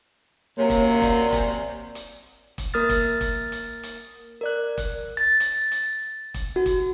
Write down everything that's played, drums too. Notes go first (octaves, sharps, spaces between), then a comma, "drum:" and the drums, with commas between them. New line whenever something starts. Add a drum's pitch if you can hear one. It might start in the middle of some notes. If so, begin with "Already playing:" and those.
F#2 C3 A#3 C#5
drum: kick E1, hi-hat
D5, drum: kick E1, hi-hat
drum: kick E1, hi-hat
drum: hi-hat
drum: kick E1, hi-hat
A#3 A#4 D#6 F6 A6
drum: kick E1, hi-hat
drum: kick E1, hi-hat
drum: hi-hat
drum: hi-hat
A#4 D5 F#6
drum: kick E1, hi-hat
A6
drum: hi-hat
drum: hi-hat
drum: kick E1, hi-hat
F#4
drum: kick E1, hi-hat